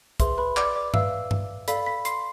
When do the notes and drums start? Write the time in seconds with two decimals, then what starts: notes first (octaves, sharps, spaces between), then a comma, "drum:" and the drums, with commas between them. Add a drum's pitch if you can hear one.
0.20 G#4 B4 C5 E5 C6, drum: kick, hi-hat
0.38 B4 B5
0.57 D5 D6, drum: clap
0.76 D5 D6
0.94 B4 E5 F5 E6, drum: tom G2
1.31 drum: tom G2
1.68 A4 D5 F5 B5 B6, drum: hi-hat
1.86 B5 B6
2.05 C6 C7, drum: hi-hat